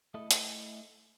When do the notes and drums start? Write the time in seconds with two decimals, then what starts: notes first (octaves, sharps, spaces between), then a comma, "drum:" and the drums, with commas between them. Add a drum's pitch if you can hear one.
0.14 A3 E4 A4 D#5
0.31 drum: hi-hat